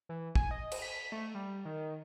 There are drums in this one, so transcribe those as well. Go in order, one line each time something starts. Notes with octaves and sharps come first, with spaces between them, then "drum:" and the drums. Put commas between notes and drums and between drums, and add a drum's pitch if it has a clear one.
E3
G#5, drum: kick
D#5
drum: cymbal
B6
A3
G3
D#3